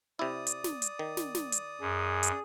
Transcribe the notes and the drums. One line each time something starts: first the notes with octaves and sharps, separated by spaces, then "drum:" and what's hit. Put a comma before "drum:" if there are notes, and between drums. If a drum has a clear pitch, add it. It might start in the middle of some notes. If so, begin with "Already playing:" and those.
C3 E4 D5 D#6
drum: hi-hat
drum: snare
drum: hi-hat
D#3
drum: snare
drum: snare
drum: hi-hat
F#2 G#4
drum: hi-hat